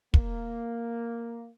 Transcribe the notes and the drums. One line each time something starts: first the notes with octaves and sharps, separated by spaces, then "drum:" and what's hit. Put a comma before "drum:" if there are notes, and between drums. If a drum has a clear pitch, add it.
A#3, drum: kick